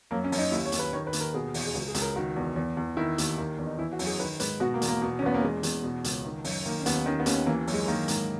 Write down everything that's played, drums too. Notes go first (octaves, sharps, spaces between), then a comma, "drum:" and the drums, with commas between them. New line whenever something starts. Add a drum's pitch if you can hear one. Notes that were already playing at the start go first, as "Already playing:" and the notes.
F#2 A#3
C#4
F#2, drum: open hi-hat
D#4
D#2 E4
C#5
D#2, drum: hi-hat
B4
D#3 C#5
B4
D#2, drum: hi-hat
A#4
B2 G#4
E2, drum: open hi-hat
G#4
C#2 F#4
G#4
C#2, drum: hi-hat
A#4
D#3 F#4
E2
E2
E2
D#3 E4
D#2, drum: hi-hat
D#3
E2
D#4
E3 E4
F#4
F#2, drum: open hi-hat
G#4
D#3 B4
G#2 B4, drum: hi-hat
B2 F#4
A#3
E2, drum: hi-hat
A#3
B2
C#4
E2 B3
A#3
E2 G#3
E2, drum: hi-hat
B2
C#2, drum: hi-hat
D#3
F#2, drum: open hi-hat
D#3 A#3
C#4
D#2 B3, drum: hi-hat
D#3 C#4
B3
D#2 C#4, drum: hi-hat
E3 A#3
F#2, drum: open hi-hat
G#3
D#3 A#3
G#2, drum: hi-hat